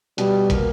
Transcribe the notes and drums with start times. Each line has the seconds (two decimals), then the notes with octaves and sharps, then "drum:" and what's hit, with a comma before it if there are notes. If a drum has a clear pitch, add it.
0.18 B2 G3, drum: hi-hat
0.50 A#3, drum: kick, hi-hat